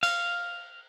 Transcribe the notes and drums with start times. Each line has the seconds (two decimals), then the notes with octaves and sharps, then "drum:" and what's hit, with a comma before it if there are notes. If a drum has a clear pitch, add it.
0.03 F5, drum: cymbal